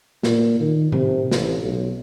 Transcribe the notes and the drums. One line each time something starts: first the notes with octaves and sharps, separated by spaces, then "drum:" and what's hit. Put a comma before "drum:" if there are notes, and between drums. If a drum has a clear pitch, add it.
A#2, drum: snare
D#3
C3, drum: tom A2
A1, drum: snare
B1